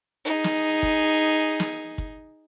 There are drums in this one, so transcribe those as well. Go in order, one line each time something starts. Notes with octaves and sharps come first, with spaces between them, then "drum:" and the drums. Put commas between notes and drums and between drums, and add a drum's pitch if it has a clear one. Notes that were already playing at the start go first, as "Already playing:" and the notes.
D#4 G#4
drum: snare
drum: kick
drum: snare
drum: kick